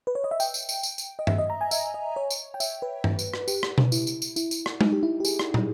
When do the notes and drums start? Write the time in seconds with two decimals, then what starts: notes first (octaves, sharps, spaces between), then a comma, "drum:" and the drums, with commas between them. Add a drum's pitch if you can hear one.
0.07 B4
0.15 C#5
0.24 D#5
0.31 E5
0.40 G5, drum: tambourine
0.54 drum: tambourine
0.69 drum: tambourine
0.83 drum: tambourine
0.98 drum: tambourine
1.19 D#5
1.27 E5, drum: tom G2
1.38 D#5
1.50 A#5
1.61 G#5
1.71 E5, drum: tambourine
1.94 D#5
2.16 C#5
2.31 drum: tambourine
2.54 G5
2.60 E5, drum: tambourine
2.82 B4
3.04 drum: tom G2
3.19 drum: tambourine
3.34 drum: rim click
3.48 G4, drum: tambourine
3.63 drum: rim click
3.78 drum: tom B2
3.92 E4, drum: tambourine
4.07 drum: tambourine
4.22 drum: tambourine
4.36 E4, drum: tambourine
4.51 drum: tambourine
4.66 drum: rim click
4.81 D#4, drum: tom G#3
4.92 G4
5.03 E4
5.20 G4
5.25 G#4, drum: tambourine
5.39 drum: rim click
5.54 drum: tom